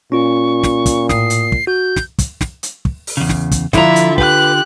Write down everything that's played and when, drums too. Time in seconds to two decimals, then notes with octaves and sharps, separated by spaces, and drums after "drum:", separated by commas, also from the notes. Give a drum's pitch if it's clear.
0.12 A#2 C#4 F4 C#6
0.63 drum: snare
0.86 drum: kick, hi-hat
1.09 A2 D#6 C7, drum: snare
1.30 drum: hi-hat
1.52 drum: kick
1.67 F#4 G6
1.96 drum: snare
2.19 drum: kick, hi-hat
2.41 drum: snare
2.63 drum: hi-hat
2.85 drum: kick
3.07 drum: open hi-hat
3.17 E2 C#3
3.29 drum: snare
3.51 drum: kick, hi-hat
3.73 D3 F3 D4 E4 F4 E5 A#5, drum: snare
3.96 drum: hi-hat
4.18 G4 B4 F#6, drum: kick